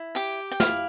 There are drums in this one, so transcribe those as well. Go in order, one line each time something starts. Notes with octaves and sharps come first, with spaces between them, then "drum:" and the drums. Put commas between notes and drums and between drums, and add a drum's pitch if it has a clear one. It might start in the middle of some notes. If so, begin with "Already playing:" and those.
Already playing: E4
G4 G5
G5
E4 F5, drum: snare